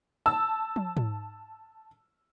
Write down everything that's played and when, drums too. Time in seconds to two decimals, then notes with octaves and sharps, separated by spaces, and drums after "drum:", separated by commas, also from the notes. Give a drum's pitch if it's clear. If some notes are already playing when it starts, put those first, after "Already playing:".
0.26 A5 E6
0.76 drum: tom
0.97 drum: tom G#2